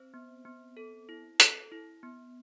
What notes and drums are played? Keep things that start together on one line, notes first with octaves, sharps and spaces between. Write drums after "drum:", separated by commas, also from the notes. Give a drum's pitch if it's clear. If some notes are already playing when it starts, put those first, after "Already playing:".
Already playing: C4 C5
B3
B3
A4
E4
A4, drum: hi-hat
E4
B3